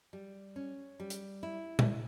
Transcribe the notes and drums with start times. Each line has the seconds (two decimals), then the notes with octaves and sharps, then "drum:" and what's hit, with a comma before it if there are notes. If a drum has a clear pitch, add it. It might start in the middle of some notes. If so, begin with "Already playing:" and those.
0.13 G3
0.56 C#4
1.00 G3
1.10 drum: hi-hat
1.43 E4
1.79 drum: tom A#2